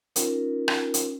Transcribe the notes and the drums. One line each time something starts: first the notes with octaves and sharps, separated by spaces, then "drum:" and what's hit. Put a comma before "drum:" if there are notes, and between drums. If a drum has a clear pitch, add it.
C#4 D#4 F4 A#4, drum: hi-hat
drum: rim click
drum: hi-hat